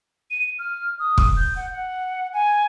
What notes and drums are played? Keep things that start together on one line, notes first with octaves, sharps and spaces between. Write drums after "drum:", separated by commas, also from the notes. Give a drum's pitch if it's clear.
D#7
F6
D#6
drum: kick
G6
F#5
F#5
G#5